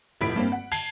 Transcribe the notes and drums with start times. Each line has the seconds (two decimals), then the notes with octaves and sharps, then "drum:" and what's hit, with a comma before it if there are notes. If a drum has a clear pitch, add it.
0.21 F1 A2 B5 B6 D7
0.36 G2 A#3 C4
0.52 F#5
0.72 A5 G#6 C7, drum: cymbal